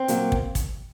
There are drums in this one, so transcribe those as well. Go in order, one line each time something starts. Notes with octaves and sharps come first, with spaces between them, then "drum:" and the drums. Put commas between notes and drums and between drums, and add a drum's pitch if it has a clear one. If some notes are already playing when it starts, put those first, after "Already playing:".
Already playing: C4
A#2 F#3 A#3, drum: hi-hat
drum: kick
drum: kick, hi-hat